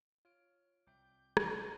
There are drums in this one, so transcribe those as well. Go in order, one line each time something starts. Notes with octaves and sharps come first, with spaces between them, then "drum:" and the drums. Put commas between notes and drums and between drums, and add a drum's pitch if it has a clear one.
F4 C#5 F6 D7
C2 C3 E5 G5 D6 G6
drum: rim click